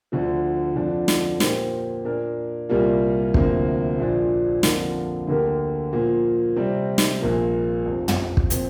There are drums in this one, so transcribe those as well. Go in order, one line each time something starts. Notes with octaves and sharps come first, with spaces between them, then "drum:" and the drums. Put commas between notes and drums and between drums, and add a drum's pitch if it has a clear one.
D2 D3 F3
F2 D3 F3 D4
drum: snare
A#2 A#3 G4 C5, drum: snare
A#2 A#3 D4 A#4
C2 A#2 G3 A#3 F4
D2 C3 F3 A#3, drum: kick
A#1 A#2 F3 D4
F2 D3 A#3 F4, drum: snare
D2 D3 A#3 G4 A#4
A#2 F3 A#3
C3 G3 C4
drum: snare
A#1 A#2 A#3
F1 F2 F3
drum: tom
drum: kick
A#2 F3 C4, drum: hi-hat